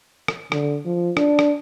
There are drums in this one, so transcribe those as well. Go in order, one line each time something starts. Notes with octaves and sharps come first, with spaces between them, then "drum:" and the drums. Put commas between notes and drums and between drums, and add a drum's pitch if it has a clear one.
drum: rim click
D3, drum: rim click
F3
D4, drum: rim click
drum: rim click